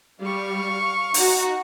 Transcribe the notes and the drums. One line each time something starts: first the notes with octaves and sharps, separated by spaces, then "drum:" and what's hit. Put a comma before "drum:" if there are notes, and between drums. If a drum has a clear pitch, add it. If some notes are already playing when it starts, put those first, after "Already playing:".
G3 F5 C#6
D#4 F#4, drum: open hi-hat